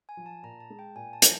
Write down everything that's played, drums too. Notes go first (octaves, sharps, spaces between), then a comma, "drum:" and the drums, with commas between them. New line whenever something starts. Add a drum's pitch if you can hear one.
G#5
F3
A5
A#2 A#5
A5
G#3
G5
A#2 G#5
A5
F3, drum: hi-hat